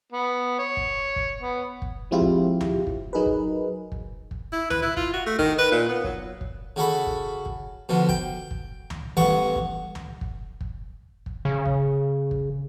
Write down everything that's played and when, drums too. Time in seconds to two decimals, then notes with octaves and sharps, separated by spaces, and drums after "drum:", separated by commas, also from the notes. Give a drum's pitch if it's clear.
0.12 B3
0.59 C#5
0.77 drum: kick
1.16 drum: kick
1.41 B3
1.82 drum: kick
2.11 F3 G#3 C4 E4 F4 G4
2.21 drum: kick
2.60 drum: tom C#2
2.87 drum: kick
3.13 F#3 D#4 G#4 A#4 B4
3.26 drum: kick
3.92 drum: kick
4.31 drum: kick
4.53 E4
4.70 B4, drum: tom C#2
4.82 E4
4.97 F4, drum: kick
5.13 F#4
5.26 A3
5.39 D#3, drum: kick
5.59 B4
5.71 A#2
5.89 B3
6.04 F#3, drum: kick
6.41 drum: kick
6.76 C#3 F#4 A4 B5
7.06 drum: kick
7.46 drum: kick
7.89 B2 D3 F3
8.09 G5, drum: kick
8.51 drum: kick
8.90 drum: tom C#2
9.17 A1 G2 B3 F#5 C#6, drum: kick
9.56 drum: kick
9.95 drum: tom C#2
10.21 drum: kick
10.61 drum: kick
11.26 drum: kick
11.45 C#3
11.66 drum: kick
12.31 drum: kick